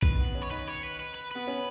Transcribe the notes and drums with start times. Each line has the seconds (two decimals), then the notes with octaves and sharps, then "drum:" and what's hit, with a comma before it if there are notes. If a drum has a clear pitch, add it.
0.03 D#3 B4, drum: kick A#1
0.19 B3
0.35 C#4
0.42 C#5
0.51 D#4 B4
0.68 C#5
0.83 B4
1.00 B4
1.15 B4
1.31 B3 B4
1.47 C#4